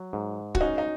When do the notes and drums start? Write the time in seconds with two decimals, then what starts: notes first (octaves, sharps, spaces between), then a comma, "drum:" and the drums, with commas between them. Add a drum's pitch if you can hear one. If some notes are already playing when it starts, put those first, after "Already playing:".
Already playing: F#3
0.13 G#2
0.55 F#4, drum: kick
0.61 C#4 D#4
0.78 D#4